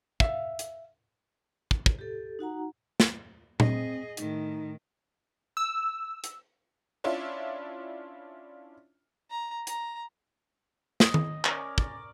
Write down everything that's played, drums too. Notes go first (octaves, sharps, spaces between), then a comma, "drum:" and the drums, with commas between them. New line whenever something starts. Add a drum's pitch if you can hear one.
E5 F5, drum: kick
drum: hi-hat
drum: kick
drum: kick
G4 A4
D#4 F#4 F#5 A#5
drum: snare
C4 G#4 D#5, drum: tom A#2
A2 D#3 D#4, drum: hi-hat
E6
drum: hi-hat
C#4 D4 E4 F4
A#5
A#5, drum: hi-hat
D#5, drum: snare
drum: tom D#3
C#4 A#4 D5, drum: clap
D5, drum: kick